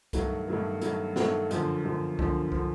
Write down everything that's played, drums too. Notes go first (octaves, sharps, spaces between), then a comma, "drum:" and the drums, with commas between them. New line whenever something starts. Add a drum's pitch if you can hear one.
G2 D#3 F#3 A3, drum: kick C2, hi-hat
G2 D#3 F#3 A3
G2 D#3 F#3 A3, drum: hi-hat
G2 D#3 F#3 A3, drum: snare
F#2 D3 F3, drum: hi-hat
F#2 D3 F3
F#2 D3 F3, drum: kick C2
D3 F3, drum: kick C2